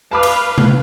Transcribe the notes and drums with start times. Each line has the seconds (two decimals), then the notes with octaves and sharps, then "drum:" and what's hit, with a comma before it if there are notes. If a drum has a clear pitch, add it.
0.11 B4 F5 A5 B5 D6
0.23 drum: cymbal
0.58 drum: tom C3